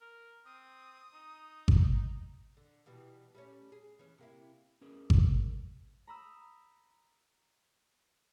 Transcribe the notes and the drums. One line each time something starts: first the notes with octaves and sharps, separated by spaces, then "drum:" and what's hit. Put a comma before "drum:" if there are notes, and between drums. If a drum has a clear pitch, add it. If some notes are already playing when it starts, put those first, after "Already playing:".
A#4
C4 D#6
D#4
drum: kick G#1
D3
B2 E3 G3
G3 A3 C#4
G#4
E3 C#4
C3 A#3 E4
C#4 G#4 A#4 B4
drum: kick G#1
A#5 B5 D#6 E6